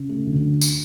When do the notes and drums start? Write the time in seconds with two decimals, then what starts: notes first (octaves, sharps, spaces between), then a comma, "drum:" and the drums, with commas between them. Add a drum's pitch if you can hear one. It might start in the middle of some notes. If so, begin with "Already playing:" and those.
Already playing: C#3
0.09 A3
0.27 D2
0.61 drum: tambourine